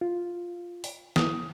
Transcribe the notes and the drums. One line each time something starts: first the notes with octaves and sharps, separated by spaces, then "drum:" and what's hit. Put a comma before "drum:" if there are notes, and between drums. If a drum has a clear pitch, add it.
F4
drum: open hi-hat
D#6, drum: snare